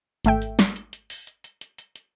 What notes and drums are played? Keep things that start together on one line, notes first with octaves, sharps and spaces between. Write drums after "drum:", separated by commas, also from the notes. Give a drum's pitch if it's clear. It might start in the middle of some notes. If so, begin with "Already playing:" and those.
G#1 A3 E5 G5, drum: hi-hat
drum: hi-hat
drum: snare
drum: hi-hat
drum: hi-hat
drum: open hi-hat
drum: hi-hat
drum: hi-hat
drum: hi-hat
drum: hi-hat
drum: hi-hat